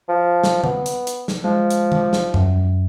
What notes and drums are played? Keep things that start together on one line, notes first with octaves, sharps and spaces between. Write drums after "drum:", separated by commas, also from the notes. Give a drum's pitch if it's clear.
F3
drum: snare
B3, drum: tom D3
drum: hi-hat
drum: hi-hat
drum: snare
F3 G#3
drum: hi-hat
drum: tom D#3
drum: snare
F#2, drum: tom E2